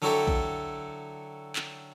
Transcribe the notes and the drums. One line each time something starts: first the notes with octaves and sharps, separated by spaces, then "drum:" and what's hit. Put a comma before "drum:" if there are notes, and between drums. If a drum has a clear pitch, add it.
D3 F#3 E4 F#4 G4 A4
drum: kick A#1
drum: clap